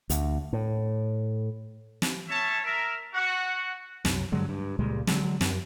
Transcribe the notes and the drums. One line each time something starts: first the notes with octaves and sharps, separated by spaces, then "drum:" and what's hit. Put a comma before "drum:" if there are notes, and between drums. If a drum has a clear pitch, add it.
D2, drum: hi-hat
A2
drum: snare
C#4 C#5 E5 A5
A#4 E5
F#4 F#5
C2 F#2, drum: snare
G2 D3 F#3 G#3
G2
C#2 A#2 G3 G#3
D3 F#3 G#3, drum: snare
F#2, drum: snare